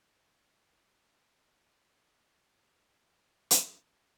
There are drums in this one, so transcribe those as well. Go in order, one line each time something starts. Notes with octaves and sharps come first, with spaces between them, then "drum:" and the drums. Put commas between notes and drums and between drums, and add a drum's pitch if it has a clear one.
A#6
C#5
B5
F#2 E4
drum: hi-hat